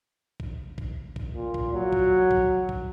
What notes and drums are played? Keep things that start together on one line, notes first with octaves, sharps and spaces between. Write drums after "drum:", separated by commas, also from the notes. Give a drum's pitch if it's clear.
drum: kick A#1
drum: kick A#1
drum: kick A#1
A#2
drum: kick A#1
F#3
drum: kick A#1
drum: kick A#1
drum: kick A#1